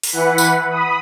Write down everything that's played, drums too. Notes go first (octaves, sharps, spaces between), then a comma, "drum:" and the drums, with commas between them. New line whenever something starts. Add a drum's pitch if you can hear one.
drum: open hi-hat
E3 B4 F#5
drum: tambourine
B5 D#6